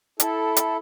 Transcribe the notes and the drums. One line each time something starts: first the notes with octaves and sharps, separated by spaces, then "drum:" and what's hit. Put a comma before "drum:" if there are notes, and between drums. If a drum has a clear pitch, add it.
E4 A4, drum: hi-hat
drum: hi-hat